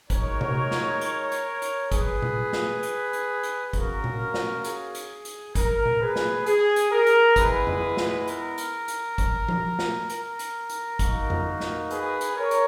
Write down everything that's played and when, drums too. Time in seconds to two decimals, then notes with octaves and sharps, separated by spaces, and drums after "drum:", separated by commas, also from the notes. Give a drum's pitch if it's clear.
0.10 G#3 D#4 F#4 A#4 C#5, drum: kick, hi-hat
0.41 drum: tom C3
0.71 drum: snare
1.01 drum: hi-hat
1.32 drum: hi-hat
1.62 drum: hi-hat
1.92 G#4 B4, drum: kick, hi-hat
2.22 drum: tom B2
2.53 drum: snare
2.83 drum: hi-hat
3.13 drum: hi-hat
3.43 drum: hi-hat
3.73 A#3 C#4 F#4 A#4, drum: kick, hi-hat
4.04 drum: tom B2
4.34 drum: snare
4.64 G#4, drum: hi-hat
4.95 drum: hi-hat
5.25 drum: hi-hat
5.55 A#4, drum: kick, hi-hat
5.85 drum: tom B2
6.01 G#4 B4
6.16 drum: snare
6.46 G#4, drum: hi-hat
6.76 drum: hi-hat
6.91 A#4
7.06 drum: hi-hat
7.36 G#3 B3 E4 G#4 B4, drum: kick, hi-hat
7.67 drum: tom F2
7.97 drum: snare
8.28 A#4, drum: hi-hat
8.58 drum: hi-hat
8.88 drum: hi-hat
9.18 drum: kick, hi-hat
9.49 drum: tom F3
9.79 drum: snare
10.10 A#4, drum: hi-hat
10.39 drum: hi-hat
10.70 drum: hi-hat
10.99 A#3 D#4 F#4, drum: kick, hi-hat
11.30 drum: tom F2
11.60 drum: snare
11.91 G#4 B4, drum: hi-hat
12.21 drum: hi-hat
12.36 A#4 C#5
12.51 drum: hi-hat